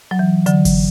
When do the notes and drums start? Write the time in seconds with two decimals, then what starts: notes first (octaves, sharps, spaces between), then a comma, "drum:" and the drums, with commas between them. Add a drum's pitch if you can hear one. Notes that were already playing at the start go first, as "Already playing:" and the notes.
0.11 F#3
0.19 E3
0.46 D3 F#3, drum: hi-hat
0.65 drum: kick G#1, open hi-hat